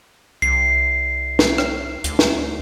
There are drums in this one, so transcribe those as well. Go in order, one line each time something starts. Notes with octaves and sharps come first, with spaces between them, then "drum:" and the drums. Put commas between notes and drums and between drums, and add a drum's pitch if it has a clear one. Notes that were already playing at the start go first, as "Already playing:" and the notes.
C2 C7
drum: snare
drum: rim click
D2, drum: hi-hat
drum: snare